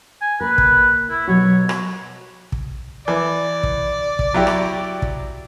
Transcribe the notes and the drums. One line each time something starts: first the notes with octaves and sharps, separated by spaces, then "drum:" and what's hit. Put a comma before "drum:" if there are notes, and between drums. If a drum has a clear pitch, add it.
G#5
A#3 A#4 B4
drum: kick
E4
B2 F#3 F#4 C#5
drum: rim click
drum: kick
E3 D5
drum: kick
drum: kick
F#3 E4 G4
drum: rim click
drum: kick